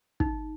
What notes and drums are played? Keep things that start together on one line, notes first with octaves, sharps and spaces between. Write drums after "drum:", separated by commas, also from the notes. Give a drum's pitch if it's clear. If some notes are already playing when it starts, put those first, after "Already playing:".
D#4, drum: kick